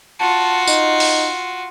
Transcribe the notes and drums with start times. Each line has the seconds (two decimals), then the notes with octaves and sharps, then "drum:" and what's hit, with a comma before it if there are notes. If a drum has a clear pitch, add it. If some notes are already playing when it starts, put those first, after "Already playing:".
0.20 F4 F#4 A5
0.67 D#4, drum: tambourine
1.00 drum: open hi-hat